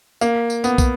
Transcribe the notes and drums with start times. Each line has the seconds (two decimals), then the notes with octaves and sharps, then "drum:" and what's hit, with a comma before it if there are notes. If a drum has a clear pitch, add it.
0.21 A#3, drum: tambourine
0.50 drum: tambourine
0.64 B3, drum: tambourine
0.78 drum: kick, tambourine